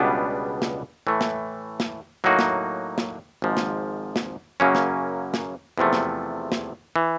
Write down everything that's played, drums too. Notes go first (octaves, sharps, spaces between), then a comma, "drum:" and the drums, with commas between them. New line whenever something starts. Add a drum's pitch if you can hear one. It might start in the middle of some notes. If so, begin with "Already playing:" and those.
Already playing: C#2 B2 G3 B3 D4
drum: snare
A2 E3 A3
drum: snare
drum: snare
A2 F#3 A#3 D#4 F#4
drum: snare
drum: snare
G#1 G#2 F3
drum: snare
drum: snare
F#2 C#3 F#3 A#3 C#4
drum: snare
drum: snare
E2 C3 F3 A3
drum: snare
drum: snare
E3